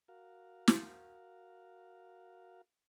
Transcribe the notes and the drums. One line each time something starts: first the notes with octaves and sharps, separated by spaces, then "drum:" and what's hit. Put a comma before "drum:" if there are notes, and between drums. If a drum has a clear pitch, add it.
F#4 A#4 F5
drum: snare